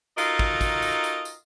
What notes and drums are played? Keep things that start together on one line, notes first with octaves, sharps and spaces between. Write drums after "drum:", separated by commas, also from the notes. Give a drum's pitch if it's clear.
D#4 F4 F#4 A4 A#4 D#5, drum: tambourine
drum: kick
drum: kick, tambourine
drum: tambourine
drum: tambourine
drum: tambourine